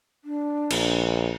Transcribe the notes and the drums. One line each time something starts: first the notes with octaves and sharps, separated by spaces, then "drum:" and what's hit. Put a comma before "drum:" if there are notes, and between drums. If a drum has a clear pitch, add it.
D4
A#1, drum: cymbal